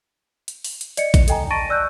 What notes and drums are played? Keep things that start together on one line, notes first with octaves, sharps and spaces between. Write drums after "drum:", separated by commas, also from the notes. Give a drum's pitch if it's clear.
drum: hi-hat
drum: open hi-hat
drum: hi-hat
D5 D#5 C#7, drum: hi-hat
drum: kick A1, hi-hat
A4 D#5 G5 G#5 A#5, drum: hi-hat
A5 C#6 A6 A#6 D7 D#7
D5 E6 F#6 G6